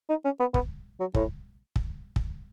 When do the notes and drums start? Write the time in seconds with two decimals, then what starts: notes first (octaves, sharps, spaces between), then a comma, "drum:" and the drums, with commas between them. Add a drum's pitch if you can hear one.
0.10 D#4
0.25 C#4
0.40 B3
0.54 B3, drum: kick
1.00 F#3
1.15 A2, drum: kick
1.76 drum: kick
2.16 drum: kick